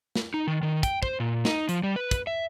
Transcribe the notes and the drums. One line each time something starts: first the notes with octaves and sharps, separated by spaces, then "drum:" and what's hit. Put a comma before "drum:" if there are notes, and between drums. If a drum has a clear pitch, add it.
drum: snare
D#4
D#3
D#3
G5, drum: kick, hi-hat
C5, drum: kick
A#2
D#4, drum: snare
F3, drum: hi-hat
G3
B4
drum: kick, hi-hat
E5